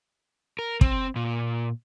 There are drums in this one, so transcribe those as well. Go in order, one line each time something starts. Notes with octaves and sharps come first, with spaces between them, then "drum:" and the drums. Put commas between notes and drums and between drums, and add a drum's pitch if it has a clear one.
A#4
C4, drum: kick
A#2